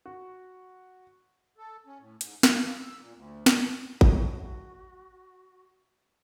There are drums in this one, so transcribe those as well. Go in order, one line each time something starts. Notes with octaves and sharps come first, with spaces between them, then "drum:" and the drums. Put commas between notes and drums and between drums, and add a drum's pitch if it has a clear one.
F#4
A4
C#4
A2
G#2, drum: hi-hat
F5, drum: snare
A#3
E6
A#2
D2
A#2, drum: snare
F#4 E5 G5 A5, drum: kick G#1